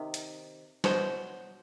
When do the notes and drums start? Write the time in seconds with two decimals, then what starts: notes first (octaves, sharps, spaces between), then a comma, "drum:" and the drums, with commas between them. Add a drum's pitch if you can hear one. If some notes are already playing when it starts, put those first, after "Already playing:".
Already playing: C3 D#3
0.14 drum: hi-hat
0.84 B2 F#3 B3 C5, drum: snare